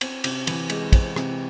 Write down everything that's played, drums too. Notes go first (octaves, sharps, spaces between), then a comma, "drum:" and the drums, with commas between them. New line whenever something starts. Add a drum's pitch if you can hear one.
C4, drum: cymbal
C3, drum: cymbal
E3, drum: cymbal
G#3, drum: cymbal
C4, drum: kick, cymbal
C3, drum: rim click